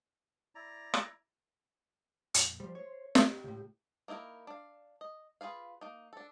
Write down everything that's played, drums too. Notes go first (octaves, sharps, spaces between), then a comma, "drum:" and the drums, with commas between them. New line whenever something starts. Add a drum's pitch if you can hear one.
E4 D5 A#5
drum: rim click
F2 A#2, drum: hi-hat
F3 G3 C5
C#5
G4, drum: snare
C#2 A2
A#3 D#4 E4 F#4 A#4
D4 F5
D#5
F4 G#4 B4 F5
A#3 D#4
D4 A4